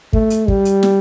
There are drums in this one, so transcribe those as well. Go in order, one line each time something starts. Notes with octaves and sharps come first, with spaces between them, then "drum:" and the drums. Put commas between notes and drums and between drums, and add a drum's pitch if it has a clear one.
A3, drum: kick
drum: hi-hat
G3, drum: kick
drum: hi-hat
drum: snare